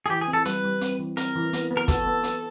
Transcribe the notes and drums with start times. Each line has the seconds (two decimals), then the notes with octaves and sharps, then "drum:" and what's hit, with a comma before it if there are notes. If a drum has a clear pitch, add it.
0.06 G#4
0.10 E3 G4
0.21 G#4
0.28 C4
0.33 A4
0.45 G3 B4, drum: hi-hat
0.64 G3
0.81 C4, drum: hi-hat
0.99 E3
1.17 C4 A#4, drum: hi-hat
1.35 E3
1.53 B3, drum: hi-hat
1.71 B3
1.77 A#4
1.88 F#4 A4, drum: kick, hi-hat
2.07 B3
2.23 B3, drum: hi-hat